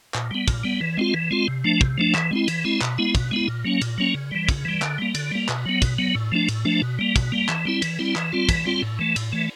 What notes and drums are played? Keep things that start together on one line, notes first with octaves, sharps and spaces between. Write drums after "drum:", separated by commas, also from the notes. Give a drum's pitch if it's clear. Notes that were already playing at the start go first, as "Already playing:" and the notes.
A#2, drum: clap
G3 B3
A#2, drum: kick, cymbal
G3 B3
E3
G#3 C4 F4
E3
G#3 C4 F4
C3
F3 A3 D4
C3, drum: kick
F3 A3 D4
E3, drum: clap
G#3 C4 E4
E3, drum: cymbal
G#3 C4 E4
B2, drum: clap
G#3 B3 E4
B2, drum: kick, cymbal
G#3 B3 E4
A#2
F#3 A#3 C#4
A#2, drum: cymbal
F#3 A#3 C#4
C#3
E3 G3
C#3, drum: kick, cymbal
E3 G3
D3, drum: clap
G3 A#3
D3, drum: cymbal
G3 A#3
B2, drum: clap
F#3 B3
B2, drum: kick, cymbal
F#3 B3
A2
F3 A3 D4
A2, drum: cymbal
F3 A3 D4
B2
G3 A#3
B2, drum: kick, cymbal
G3 A#3
E3, drum: clap
G3 C4 E4
E3, drum: cymbal
G3 C4 E4
E3, drum: clap
G3 C4 F4
E3, drum: kick, cymbal
G3 C4 F4
A2
E3 A3
A2, drum: cymbal
E3 A3